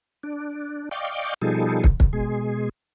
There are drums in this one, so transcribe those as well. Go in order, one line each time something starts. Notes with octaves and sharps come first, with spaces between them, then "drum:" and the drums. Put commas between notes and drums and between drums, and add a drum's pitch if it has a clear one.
D4
D5 D#5 F5 G5 C#6 D6
B2 F3 G3 D#4 G#4 A4
drum: kick
drum: kick
B2 G#3 G#4